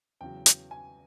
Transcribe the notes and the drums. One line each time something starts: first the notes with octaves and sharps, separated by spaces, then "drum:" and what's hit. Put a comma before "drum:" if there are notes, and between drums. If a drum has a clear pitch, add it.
E2 C#3 F#3 G5
drum: hi-hat
G#5